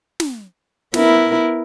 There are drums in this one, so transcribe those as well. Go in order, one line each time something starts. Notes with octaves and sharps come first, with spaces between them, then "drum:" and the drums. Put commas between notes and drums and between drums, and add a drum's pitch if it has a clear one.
drum: snare
B3 E4 A#4, drum: snare